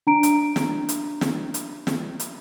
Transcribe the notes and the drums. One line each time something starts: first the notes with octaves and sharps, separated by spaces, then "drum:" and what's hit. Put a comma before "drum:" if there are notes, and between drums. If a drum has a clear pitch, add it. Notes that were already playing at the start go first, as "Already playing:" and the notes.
D4 A#5 D7
drum: hi-hat
drum: snare
drum: hi-hat
drum: snare
drum: hi-hat
drum: snare
drum: hi-hat